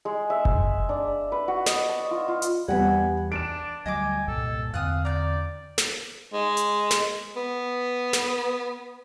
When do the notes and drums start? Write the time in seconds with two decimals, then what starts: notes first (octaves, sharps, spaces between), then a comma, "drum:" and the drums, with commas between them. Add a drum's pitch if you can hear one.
0.05 G#3
0.30 E5
0.45 drum: kick F#1
0.89 D4
1.32 B4
1.48 F#4
1.66 D#5, drum: snare
1.89 A5
2.11 F4
2.28 F4
2.42 drum: hi-hat
2.68 E2 G3 B3 F#5 G#5 B5
3.32 D4 B4 D7 E7
3.86 D2 F#3 G3 D#5 G5 G#5 D6
4.28 C2 G2 A#2 A4
4.74 E2 D3 C4 F5 G#5 D#6 F#6
5.05 D5 A#5 G6
5.78 drum: snare
6.33 G#3
6.57 drum: hi-hat
6.91 drum: snare
7.36 B3
8.13 drum: snare